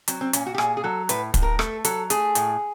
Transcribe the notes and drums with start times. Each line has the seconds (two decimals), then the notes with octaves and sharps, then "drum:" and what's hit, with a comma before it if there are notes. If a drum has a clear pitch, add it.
0.08 F#3 C4, drum: hi-hat
0.21 C4
0.33 A#2 C#4, drum: hi-hat
0.46 F#4
0.54 G4
0.58 A#2 G#4, drum: rim click
0.77 G#4
0.84 F#3 A4
1.09 A2 B4, drum: hi-hat
1.34 A2, drum: kick, hi-hat
1.42 A#4
1.59 A3 A4, drum: rim click
1.84 F#3 A4, drum: hi-hat
2.10 A3 G#4, drum: hi-hat
2.35 A2, drum: hi-hat